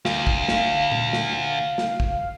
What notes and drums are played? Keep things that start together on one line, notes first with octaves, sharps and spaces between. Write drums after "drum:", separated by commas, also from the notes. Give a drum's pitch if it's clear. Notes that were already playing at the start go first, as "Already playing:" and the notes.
D2 F5, drum: snare
drum: kick
drum: snare
drum: tom A#2
drum: snare
drum: snare
drum: kick